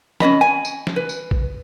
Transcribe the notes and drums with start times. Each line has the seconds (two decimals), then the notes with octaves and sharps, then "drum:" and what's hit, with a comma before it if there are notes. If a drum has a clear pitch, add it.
0.20 C#4 D4 D#5 B5, drum: snare
0.41 G#5
0.65 drum: tambourine
0.87 drum: snare
0.96 B4
1.09 drum: tambourine
1.31 drum: kick